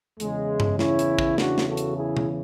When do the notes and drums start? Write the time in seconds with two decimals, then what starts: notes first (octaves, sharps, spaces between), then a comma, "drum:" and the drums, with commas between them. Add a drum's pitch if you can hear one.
0.20 E2 C#3 E3 G#3, drum: hi-hat
0.60 drum: tom G2
0.79 C#4 E4, drum: snare
0.99 drum: hi-hat
1.19 drum: kick
1.38 D4 F#4, drum: snare
1.58 drum: snare
1.67 F#4 A4
1.77 drum: hi-hat
1.97 E4 G#4
2.17 drum: tom B2